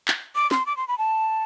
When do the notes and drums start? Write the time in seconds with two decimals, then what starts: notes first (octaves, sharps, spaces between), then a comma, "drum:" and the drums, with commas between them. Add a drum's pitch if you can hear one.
0.08 drum: clap
0.35 D6
0.51 C6, drum: snare
0.66 D6
0.77 C6
0.88 B5
0.98 A5